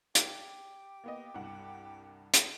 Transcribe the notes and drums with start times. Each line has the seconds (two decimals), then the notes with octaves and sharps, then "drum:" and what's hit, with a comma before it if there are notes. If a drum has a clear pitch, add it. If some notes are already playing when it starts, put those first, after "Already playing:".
0.15 G4, drum: hi-hat
1.04 A#3 B3 D#5
1.34 C2 G2 F#5
2.34 drum: hi-hat